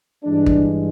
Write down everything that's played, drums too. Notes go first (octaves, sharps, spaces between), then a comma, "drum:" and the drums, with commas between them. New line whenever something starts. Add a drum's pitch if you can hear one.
G2 E3 G#3 D4
drum: kick